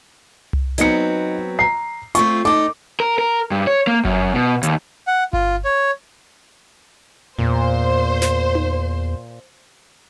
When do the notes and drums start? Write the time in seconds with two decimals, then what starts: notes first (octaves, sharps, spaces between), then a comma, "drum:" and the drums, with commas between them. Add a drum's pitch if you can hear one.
0.53 drum: tom C2
0.78 F#3 B3 C4 D#4 C#7, drum: hi-hat
1.59 A#5 C7
2.15 A3 C4 F4 C#6, drum: hi-hat
2.45 D#4 A4 D6
3.00 A#4
3.18 A#4
3.51 G2
3.67 C#5
3.87 A#3
4.05 F#2, drum: kick G1
4.34 B2
4.63 D#2, drum: hi-hat
5.07 F#5
5.33 F4, drum: kick G1
5.65 C#5
7.39 E2 A#2 C5
8.22 drum: snare
8.55 drum: tom D#4